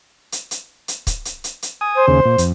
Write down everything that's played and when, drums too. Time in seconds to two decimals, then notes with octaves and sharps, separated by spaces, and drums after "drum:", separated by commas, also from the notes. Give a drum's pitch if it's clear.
0.32 drum: hi-hat
0.51 drum: hi-hat
0.88 drum: hi-hat
1.07 drum: kick C#1, hi-hat
1.25 drum: hi-hat
1.44 drum: hi-hat
1.62 drum: hi-hat
1.81 G#5 D#6
1.95 C5
2.08 D#2 C#3 G#4
2.25 A#2
2.38 F2, drum: hi-hat